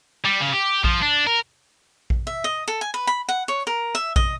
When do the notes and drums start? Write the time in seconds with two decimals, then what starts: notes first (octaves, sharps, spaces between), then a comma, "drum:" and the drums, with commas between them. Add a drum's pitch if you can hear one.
0.25 G3
0.40 C#3
0.52 G4
0.84 F3, drum: kick A#1
1.02 D4
1.27 A#4
2.10 drum: kick A#1
2.27 E5
2.44 D#5
2.68 A4
2.81 G#5
2.94 B4
3.07 B5
3.29 F#5
3.48 C#5
3.67 A#4
3.95 E5
4.16 D#5, drum: kick A#1